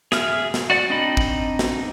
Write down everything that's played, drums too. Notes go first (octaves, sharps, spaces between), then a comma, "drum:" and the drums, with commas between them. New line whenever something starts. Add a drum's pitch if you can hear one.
G#4 E5 F6, drum: snare
drum: snare
F#4 D5 F#5
C4 D4 D#4 D#5 B5
drum: kick
drum: snare